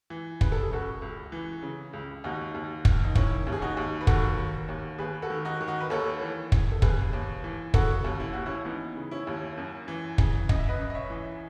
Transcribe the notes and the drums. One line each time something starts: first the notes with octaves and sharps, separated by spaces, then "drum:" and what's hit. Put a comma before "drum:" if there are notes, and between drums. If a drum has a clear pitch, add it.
E3
C#3 B4, drum: kick
A4
G#4
C#2 F#4 A4
C#2
E3
C#3
C#2
D#2 D#4 F#4
D#2
D#3, drum: kick
D#4
D#3 C#4 E4, drum: kick
D#2
G#4
D#4 F#4
D#2
B4
D#3 F#4 A4, drum: kick
D#3
D#2
D#2 G#4 B4
F#4 A4
D#3
D#4 F#4
D#3
D#4 F#4
B4
D#2 A4 C#5
E3
C#3, drum: kick
A4
D#2 G#4 B4, drum: kick
D#2
E3
C#3 F#4 A4, drum: kick
D#2
E4
D#2 F#4
C#4 E4
E3 B3 D#4
C#3
C#4 E4
D#2
F#2
E3
C#3, drum: kick
F#2 D#5, drum: kick
E5
B4 D#5
F#2
D#5
C#5 E5
E3